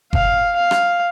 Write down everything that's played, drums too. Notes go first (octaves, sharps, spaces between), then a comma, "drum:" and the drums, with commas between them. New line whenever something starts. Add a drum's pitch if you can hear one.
F5, drum: kick F#1
F5
drum: rim click